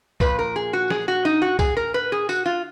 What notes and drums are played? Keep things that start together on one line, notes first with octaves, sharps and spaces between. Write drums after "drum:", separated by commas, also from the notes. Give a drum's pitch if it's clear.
A#2 F3 B4, drum: kick C2, tambourine
A#4
G#4
F#4
G#4, drum: snare
F#4
D#4
F#4
G#4, drum: kick C2, tambourine
A#4
B4
G#4
F#4, drum: tambourine
F4